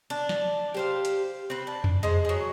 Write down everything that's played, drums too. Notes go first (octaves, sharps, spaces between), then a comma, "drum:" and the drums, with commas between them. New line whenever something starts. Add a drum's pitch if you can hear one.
D4
drum: snare
G4 C5 F5
drum: hi-hat
C4 B4
D4
drum: tom F2
G#3 C5
F#3 G#4